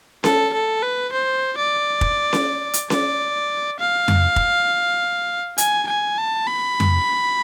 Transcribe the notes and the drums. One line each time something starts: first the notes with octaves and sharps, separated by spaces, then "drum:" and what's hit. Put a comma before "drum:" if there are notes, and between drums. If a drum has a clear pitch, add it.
A4, drum: snare C#4
A4
B4
C5
D5
drum: kick
drum: snare C#4
drum: hi-hat
D5, drum: snare C#4
F5
drum: tom F2
drum: kick
G#5, drum: hi-hat
G#5
A5
B5
drum: tom F2